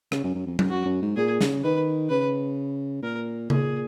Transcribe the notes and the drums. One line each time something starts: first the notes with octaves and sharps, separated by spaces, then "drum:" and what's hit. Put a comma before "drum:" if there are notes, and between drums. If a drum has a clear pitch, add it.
C#3, drum: rim click
F#2
F#2
F2
F#2, drum: tom F#3
F#2 F#4
F#2
G#2
A#2 G#4
C#3, drum: snare
D#3 B4
C#3 B4
A#2 A#4
A#2 G#4, drum: tom C#3